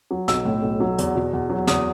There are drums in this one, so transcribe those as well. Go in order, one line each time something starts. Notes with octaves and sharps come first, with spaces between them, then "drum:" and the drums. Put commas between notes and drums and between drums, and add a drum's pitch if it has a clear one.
F#3
B1 E6, drum: snare
A2
B1
F#3
E2, drum: hi-hat
B2
E2
F#3
E2 D#6, drum: snare